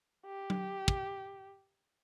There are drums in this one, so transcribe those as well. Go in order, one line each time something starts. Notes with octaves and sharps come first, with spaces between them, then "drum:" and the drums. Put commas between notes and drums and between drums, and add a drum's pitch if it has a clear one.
G4
drum: tom F#3
drum: kick